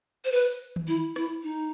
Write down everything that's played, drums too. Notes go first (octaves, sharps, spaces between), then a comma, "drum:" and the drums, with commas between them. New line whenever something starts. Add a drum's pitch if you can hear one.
C5
B4
drum: open hi-hat
drum: tom D#3
E4
E4, drum: rim click
D#4